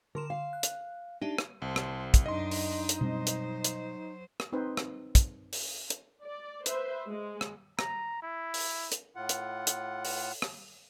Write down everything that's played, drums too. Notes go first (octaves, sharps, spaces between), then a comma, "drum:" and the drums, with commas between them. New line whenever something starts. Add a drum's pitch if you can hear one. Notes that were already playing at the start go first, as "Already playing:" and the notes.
D3 A#4 C6 E7
F5
F#6
drum: hi-hat
D4 D#4 G4 E5
drum: rim click
C2 C5 A5
drum: rim click
drum: kick, hi-hat
F#2 D4 D#4 D#5 C6
drum: open hi-hat
drum: hi-hat
B2 F#3 G3 C4 C5
drum: hi-hat
drum: hi-hat
drum: rim click
C4 D#4 B4 C5
drum: rim click
drum: kick, hi-hat
drum: open hi-hat
drum: hi-hat
D5
B4 C5 E5, drum: hi-hat
G#3
drum: rim click
A#5, drum: rim click
E4
drum: open hi-hat
drum: hi-hat
A2 F4 F#5
drum: hi-hat
drum: hi-hat
drum: open hi-hat
drum: rim click